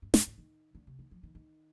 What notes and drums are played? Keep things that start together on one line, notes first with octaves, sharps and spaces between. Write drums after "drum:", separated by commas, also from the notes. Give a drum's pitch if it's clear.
G2
G2, drum: snare
A2
D#3
D3
C3
D#3
F3
D#3
D#3